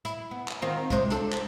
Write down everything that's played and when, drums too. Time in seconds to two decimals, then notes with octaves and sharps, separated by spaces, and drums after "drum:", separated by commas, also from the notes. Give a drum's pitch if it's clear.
0.05 E4, drum: hi-hat
0.31 B3
0.48 drum: clap
0.62 D#3 C4 F4
0.90 C3 G#3 C5, drum: kick, hi-hat
1.10 D4 A4, drum: hi-hat
1.33 drum: clap